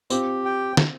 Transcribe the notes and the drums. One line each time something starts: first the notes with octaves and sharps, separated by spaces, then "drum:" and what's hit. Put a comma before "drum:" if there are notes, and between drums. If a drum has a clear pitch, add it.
C4 F4 G4, drum: tambourine
G5
drum: snare